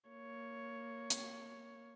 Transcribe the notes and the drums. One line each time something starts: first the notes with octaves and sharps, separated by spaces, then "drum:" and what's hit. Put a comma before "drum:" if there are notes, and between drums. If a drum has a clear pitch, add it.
A#3 C#5
drum: hi-hat